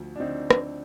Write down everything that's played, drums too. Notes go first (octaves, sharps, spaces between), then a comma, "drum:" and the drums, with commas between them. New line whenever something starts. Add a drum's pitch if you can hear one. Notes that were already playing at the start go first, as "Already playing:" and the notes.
Already playing: D2 F3
D4
D3 C4 D#4
drum: rim click